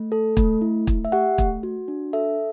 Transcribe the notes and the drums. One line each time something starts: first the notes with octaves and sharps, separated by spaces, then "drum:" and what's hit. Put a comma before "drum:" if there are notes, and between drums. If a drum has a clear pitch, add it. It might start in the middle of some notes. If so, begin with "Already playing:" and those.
Already playing: A3
A4
A3, drum: kick
E4
A3, drum: kick
E5
G4 F#5
A3, drum: kick
F#4
D4
A4 E5